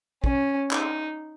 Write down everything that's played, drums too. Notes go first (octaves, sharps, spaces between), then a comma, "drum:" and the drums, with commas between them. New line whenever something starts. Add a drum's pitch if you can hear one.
C#4, drum: kick
D#4, drum: clap